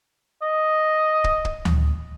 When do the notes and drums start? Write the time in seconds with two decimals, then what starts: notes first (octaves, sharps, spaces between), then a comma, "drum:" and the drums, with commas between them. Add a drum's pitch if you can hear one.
0.42 D#5
1.24 drum: kick
1.45 drum: kick
1.65 drum: tom D2